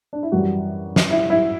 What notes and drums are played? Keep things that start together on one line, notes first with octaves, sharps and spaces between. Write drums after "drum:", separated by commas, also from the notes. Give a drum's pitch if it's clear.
D4
E4
F#2 E3 G3 F#4
drum: snare
E4
E4